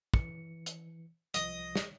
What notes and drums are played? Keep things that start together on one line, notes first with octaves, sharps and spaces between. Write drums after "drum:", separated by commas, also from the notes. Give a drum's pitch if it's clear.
E3 C#7, drum: kick
drum: hi-hat
C2 F3 D#5, drum: hi-hat
drum: snare